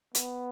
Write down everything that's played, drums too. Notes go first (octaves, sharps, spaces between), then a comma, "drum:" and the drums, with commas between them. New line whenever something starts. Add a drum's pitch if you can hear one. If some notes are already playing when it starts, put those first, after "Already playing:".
B3, drum: hi-hat